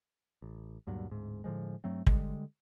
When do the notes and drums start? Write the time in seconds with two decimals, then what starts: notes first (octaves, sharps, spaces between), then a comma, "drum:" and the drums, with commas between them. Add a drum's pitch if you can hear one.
0.42 A1
0.87 D2 G2 A#2 F#3
1.10 D1 G#2
1.44 A2 D3 F3 G#3
1.84 G2 F#3 A3 C4
2.07 D3 G3 G#3, drum: kick